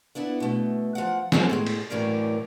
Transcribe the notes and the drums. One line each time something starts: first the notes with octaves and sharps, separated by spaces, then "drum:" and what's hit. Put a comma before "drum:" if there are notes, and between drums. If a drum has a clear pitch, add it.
B3 D4 E4 F#5
B2 A3
F3 F#5
B3 C#4 F#4 G#4 A4 C5, drum: snare
A2 G#3 G#4
drum: cymbal
F#2 A2 E3 C#4 A#4 D5